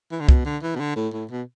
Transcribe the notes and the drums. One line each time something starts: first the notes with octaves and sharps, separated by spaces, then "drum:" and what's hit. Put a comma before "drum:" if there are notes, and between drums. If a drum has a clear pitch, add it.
E3
D3
B2, drum: kick C2
D3
E3
B2
D3
A2
A2
B2